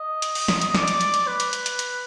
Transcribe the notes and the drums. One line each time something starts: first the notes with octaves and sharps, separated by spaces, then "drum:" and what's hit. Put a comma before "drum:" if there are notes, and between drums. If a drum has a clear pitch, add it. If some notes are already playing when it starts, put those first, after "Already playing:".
Already playing: D#5
drum: hi-hat
drum: open hi-hat
drum: snare
drum: hi-hat
D5, drum: snare
drum: hi-hat
drum: hi-hat
drum: hi-hat
B4
drum: hi-hat
drum: hi-hat
drum: hi-hat
drum: hi-hat